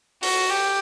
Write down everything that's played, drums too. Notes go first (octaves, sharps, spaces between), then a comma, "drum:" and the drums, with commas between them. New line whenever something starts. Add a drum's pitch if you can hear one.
F#4, drum: open hi-hat
G4